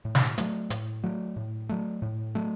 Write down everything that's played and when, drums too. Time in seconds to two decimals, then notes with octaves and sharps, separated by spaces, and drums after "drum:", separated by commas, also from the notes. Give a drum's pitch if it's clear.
0.05 A2
0.15 drum: snare
0.38 F#3 A3, drum: hi-hat
0.70 A2, drum: hi-hat
1.04 F#3 A3
1.36 A2
1.69 F#3 A3
2.02 A2
2.35 F#3 A3